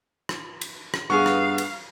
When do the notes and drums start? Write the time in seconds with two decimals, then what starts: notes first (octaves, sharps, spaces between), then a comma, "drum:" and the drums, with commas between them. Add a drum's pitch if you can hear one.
0.29 drum: rim click
0.61 drum: cymbal
0.94 drum: rim click
1.10 G2 B3 G#4 F5 C#6
1.26 drum: rim click
1.58 drum: cymbal